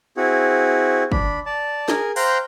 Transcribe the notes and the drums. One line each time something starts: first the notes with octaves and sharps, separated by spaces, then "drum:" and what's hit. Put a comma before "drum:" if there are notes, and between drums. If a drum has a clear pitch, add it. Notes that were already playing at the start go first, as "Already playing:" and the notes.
C4 E4 F#4 G#4
D4 B5, drum: kick
D5 A5
G#4 A#4, drum: snare
C5 F5 G5 A#5 C6 F#6, drum: open hi-hat